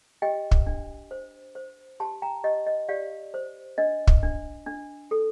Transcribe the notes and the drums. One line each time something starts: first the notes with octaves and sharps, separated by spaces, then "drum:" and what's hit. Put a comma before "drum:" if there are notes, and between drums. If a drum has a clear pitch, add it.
G4 D#5 G5
drum: kick
D4
C5
C5
G4 A5 C6
G5 A#5
G4 D#5
D#5
G4 D5 F5
C5
D4 D#5
drum: kick
D4
D4
A4